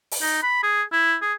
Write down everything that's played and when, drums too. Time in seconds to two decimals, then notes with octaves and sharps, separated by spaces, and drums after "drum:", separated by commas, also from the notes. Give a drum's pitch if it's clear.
0.11 drum: open hi-hat
0.22 D#4
0.42 B5
0.63 G#4
0.92 E4
1.22 G#4